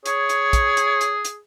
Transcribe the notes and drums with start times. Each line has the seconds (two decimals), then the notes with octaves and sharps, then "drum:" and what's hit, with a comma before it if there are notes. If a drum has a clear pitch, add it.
0.06 G#4 C#5, drum: hi-hat
0.29 drum: hi-hat
0.53 drum: kick, hi-hat
0.77 drum: hi-hat
1.01 drum: hi-hat
1.25 drum: hi-hat